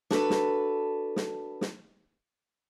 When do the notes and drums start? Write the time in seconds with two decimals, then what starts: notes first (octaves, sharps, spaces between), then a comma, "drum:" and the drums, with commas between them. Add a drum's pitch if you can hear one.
0.11 D4 F#4 A4 B4, drum: snare
0.30 drum: snare
1.16 drum: snare
1.61 drum: snare